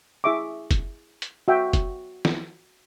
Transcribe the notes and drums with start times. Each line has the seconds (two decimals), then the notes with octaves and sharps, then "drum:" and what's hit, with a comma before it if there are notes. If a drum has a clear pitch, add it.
0.24 E4 G#4 E5 C#6 D6
0.71 drum: kick, hi-hat
1.22 drum: hi-hat
1.48 F#4 E5 G5
1.73 drum: kick, hi-hat
2.25 drum: snare